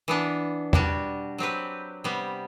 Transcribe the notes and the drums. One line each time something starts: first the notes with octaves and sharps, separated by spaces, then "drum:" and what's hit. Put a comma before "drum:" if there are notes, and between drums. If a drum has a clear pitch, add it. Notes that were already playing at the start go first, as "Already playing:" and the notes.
E3 B3 D4
B2 G3 D4 F#4, drum: tom E2
F#3 C4 G4 B4
C3 G3 B3